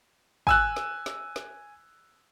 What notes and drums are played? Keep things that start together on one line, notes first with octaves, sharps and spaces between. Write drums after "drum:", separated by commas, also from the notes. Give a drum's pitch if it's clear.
G#5 E6 F#6, drum: kick
drum: snare
drum: snare
drum: snare